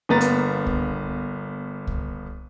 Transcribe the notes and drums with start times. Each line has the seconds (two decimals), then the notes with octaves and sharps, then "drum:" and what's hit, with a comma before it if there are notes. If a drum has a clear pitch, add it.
0.09 G1 A#3 B3 A#5 A6
0.21 drum: hi-hat
0.66 drum: kick C2
1.87 drum: kick C2